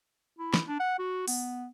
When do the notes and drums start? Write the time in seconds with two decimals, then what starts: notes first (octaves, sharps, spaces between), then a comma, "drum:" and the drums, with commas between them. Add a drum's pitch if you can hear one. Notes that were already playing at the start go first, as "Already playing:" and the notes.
0.39 E4
0.54 drum: snare
0.68 D4
0.80 F#5
0.99 F#4
1.28 B3, drum: open hi-hat